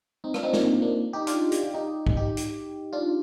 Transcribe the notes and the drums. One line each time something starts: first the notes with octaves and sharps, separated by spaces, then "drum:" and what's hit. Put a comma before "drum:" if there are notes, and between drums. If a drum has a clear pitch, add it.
C4 D#4
D4 F4, drum: rim click
C4 D#4
A#3 D4, drum: snare
A#3 D4
D#4 G4
D4 F4, drum: hi-hat
G4, drum: hi-hat
F4
D#4 G4
drum: kick
D#4 G4
drum: hi-hat
D4 F4